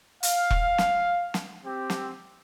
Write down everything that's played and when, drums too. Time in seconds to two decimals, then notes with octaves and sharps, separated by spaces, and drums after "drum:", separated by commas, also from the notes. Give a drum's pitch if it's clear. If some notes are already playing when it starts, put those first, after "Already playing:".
0.23 F5, drum: hi-hat
0.51 drum: kick E1
0.78 drum: snare
1.34 drum: snare
1.65 C4 G4
1.90 drum: snare